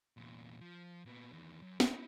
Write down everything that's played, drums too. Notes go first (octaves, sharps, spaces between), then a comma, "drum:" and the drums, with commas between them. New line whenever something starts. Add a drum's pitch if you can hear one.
E2 A#2
F3
A#2 B3
E2 D#3
F#2
D#4 E4, drum: snare